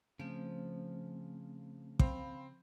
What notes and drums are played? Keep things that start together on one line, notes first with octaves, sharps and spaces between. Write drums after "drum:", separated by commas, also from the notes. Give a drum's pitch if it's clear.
C#3 F3 A3 C4
C4 F5 B5, drum: kick